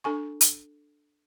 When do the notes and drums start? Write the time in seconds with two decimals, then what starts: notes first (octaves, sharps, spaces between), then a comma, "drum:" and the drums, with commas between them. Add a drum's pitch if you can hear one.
0.04 D4 A4 G#5 C#6
0.41 drum: hi-hat